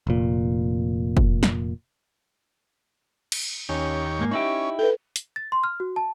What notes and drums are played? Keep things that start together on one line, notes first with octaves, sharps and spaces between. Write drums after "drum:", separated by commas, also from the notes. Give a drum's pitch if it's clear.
F1 A#2
drum: kick
drum: snare
drum: cymbal
D#2 C#4 G4 C#5
G#2 A#3
C#4 D#4 E4 G4
A4 B4 G5
drum: hi-hat
A6
C6
F6
F#4
A5